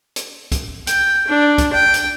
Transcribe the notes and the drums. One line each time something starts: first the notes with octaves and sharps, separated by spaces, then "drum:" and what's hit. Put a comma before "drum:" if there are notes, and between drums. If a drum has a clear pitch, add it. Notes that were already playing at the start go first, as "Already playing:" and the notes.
drum: hi-hat
drum: kick C2, hi-hat
G5, drum: hi-hat
D4
drum: kick C2, hi-hat
G5
drum: hi-hat